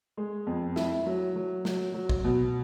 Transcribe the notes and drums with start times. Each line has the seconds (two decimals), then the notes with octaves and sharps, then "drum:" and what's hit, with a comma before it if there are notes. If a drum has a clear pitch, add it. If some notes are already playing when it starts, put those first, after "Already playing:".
0.17 G#3
0.47 F2
0.76 E4, drum: snare
1.06 F#3
1.36 F#3
1.65 F#3, drum: snare
1.94 F#3
2.09 drum: kick
2.24 B2